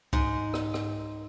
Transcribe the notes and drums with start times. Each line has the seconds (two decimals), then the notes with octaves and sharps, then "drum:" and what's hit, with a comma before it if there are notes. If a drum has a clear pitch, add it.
0.13 G#2, drum: kick C2
0.54 drum: rim click
0.74 drum: rim click